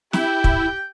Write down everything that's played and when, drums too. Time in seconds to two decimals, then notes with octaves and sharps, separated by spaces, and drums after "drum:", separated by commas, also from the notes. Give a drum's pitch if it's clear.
0.13 E4 G4 G5, drum: snare
0.44 drum: kick